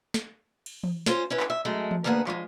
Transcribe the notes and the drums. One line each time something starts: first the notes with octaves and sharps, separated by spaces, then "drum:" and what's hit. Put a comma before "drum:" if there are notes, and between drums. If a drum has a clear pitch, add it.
drum: snare
drum: cymbal
drum: tom E3
C#4 F4 C5, drum: snare
C#4 E4 B4
drum: clap
E5
F#2 G#3 A3
drum: tom E3
D2 A#3 B3 G#4 E5 F#5
F3 G#3, drum: clap